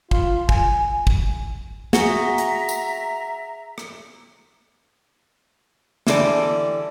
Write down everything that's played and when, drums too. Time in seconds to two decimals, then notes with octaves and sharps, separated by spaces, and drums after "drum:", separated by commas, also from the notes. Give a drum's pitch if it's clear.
0.11 F4, drum: kick
0.49 G#5, drum: kick
1.07 drum: kick
1.93 F#4 G#4 E5 A#5, drum: snare
2.38 drum: hi-hat
2.69 drum: tambourine
3.78 drum: rim click
6.07 D3 E3 G3 A4 C5 D5, drum: snare